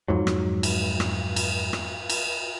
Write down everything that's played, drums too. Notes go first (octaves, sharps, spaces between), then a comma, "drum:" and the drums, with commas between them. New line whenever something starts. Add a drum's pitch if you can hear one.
F2 G#2 F#3
drum: rim click
drum: cymbal
drum: rim click
drum: cymbal
drum: rim click
drum: cymbal